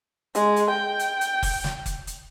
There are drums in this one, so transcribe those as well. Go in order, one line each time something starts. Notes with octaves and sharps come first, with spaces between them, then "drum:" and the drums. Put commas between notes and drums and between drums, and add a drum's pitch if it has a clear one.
G#3, drum: hi-hat
drum: hi-hat
G5
drum: hi-hat
drum: hi-hat
drum: kick F1, open hi-hat
drum: snare
drum: kick F1, hi-hat
drum: hi-hat